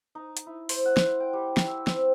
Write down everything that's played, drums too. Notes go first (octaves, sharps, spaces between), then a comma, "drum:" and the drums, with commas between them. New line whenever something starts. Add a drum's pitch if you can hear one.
D#4
drum: hi-hat
E4
C5, drum: open hi-hat
F#5
drum: snare
G5
G3
drum: snare
E6
C4, drum: snare